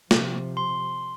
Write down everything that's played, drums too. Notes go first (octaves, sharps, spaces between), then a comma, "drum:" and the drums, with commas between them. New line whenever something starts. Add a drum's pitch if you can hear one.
C3 F3, drum: snare
C6